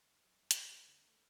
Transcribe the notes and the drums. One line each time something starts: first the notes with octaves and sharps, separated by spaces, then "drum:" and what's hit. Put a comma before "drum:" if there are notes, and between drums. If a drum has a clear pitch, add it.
E5
F#2
G2
E3, drum: hi-hat
A3
D3
A3